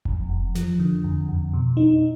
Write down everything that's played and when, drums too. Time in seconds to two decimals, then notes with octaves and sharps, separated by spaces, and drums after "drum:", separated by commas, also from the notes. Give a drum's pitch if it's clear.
0.05 F2, drum: kick F1
0.30 F2
0.55 F3, drum: snare
0.79 D3
1.04 F2
1.29 F2
1.53 B2
1.77 D#4